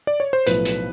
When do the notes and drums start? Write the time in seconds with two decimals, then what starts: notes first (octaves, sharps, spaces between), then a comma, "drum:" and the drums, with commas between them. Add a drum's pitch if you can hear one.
0.07 D5
0.20 C#5
0.33 C5
0.46 B1 A2 F3 B4, drum: hi-hat
0.65 drum: hi-hat